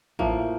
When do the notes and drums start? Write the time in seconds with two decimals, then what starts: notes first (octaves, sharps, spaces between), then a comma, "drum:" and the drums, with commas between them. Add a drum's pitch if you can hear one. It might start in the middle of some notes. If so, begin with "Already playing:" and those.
0.19 A2 F3 A#3, drum: kick A1